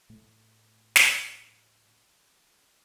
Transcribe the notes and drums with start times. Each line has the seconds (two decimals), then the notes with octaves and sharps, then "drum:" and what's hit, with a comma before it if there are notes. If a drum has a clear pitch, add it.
0.09 A2 A3
0.96 drum: snare